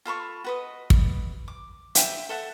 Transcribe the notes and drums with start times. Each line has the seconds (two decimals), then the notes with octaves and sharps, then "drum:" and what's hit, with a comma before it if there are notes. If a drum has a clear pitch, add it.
0.05 F4 A4 B5 C#6
0.44 F#4 B4 D#5
0.90 drum: kick
1.48 D6
1.95 E5 G5, drum: hi-hat
2.29 A4 E5 F#5